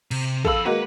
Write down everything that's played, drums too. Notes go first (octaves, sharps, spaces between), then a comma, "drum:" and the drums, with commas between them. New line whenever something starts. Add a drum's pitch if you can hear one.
C3, drum: cymbal
F2 A4 F5 B5 E6, drum: kick
G#3 A#3 F#4 B4